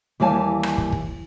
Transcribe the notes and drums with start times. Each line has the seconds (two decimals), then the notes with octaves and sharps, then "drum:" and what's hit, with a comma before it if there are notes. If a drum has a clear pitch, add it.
0.20 D#2 E3 G3 F5 G#5 A5
0.63 drum: rim click
0.78 drum: kick
0.92 drum: kick